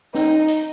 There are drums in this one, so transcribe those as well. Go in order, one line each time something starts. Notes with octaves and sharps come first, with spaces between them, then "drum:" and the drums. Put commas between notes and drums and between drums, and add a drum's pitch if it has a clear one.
D#4, drum: snare
drum: hi-hat